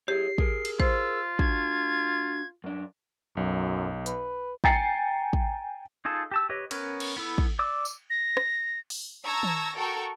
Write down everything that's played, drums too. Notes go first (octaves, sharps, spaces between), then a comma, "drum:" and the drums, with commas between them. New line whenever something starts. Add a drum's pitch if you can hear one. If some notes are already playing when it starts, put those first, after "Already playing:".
E4 G4 G#4 C#5 C7
G#4 A#4, drum: kick
drum: cymbal
F4 C5 E6, drum: kick
D4 F#4 G#6, drum: kick
F#2 D4
B1 F#2
B4, drum: hi-hat
G5 G#5 A#5 A6 C7 C#7, drum: kick
drum: kick
D#4 F4 G#4 A4
G4 A5 E6
G4 B4 C#5 D#5
B3 C#4 A#4 B4 C#5, drum: cymbal
drum: cymbal
B3 E4 A4
drum: kick
D5 D6 E6
drum: tambourine
A#6
drum: rim click
drum: open hi-hat
A5 A#5 C#6 E6 G#6 A#6
drum: tom D#3
F#4 A4 A#4 G5 C#6